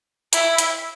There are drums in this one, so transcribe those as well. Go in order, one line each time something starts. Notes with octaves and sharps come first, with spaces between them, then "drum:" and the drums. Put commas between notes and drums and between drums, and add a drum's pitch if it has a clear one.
E4, drum: hi-hat
drum: hi-hat